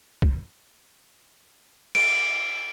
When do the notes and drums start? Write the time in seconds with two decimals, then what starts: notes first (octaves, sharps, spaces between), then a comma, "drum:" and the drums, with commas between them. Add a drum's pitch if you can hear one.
0.22 drum: kick
1.95 D7, drum: cymbal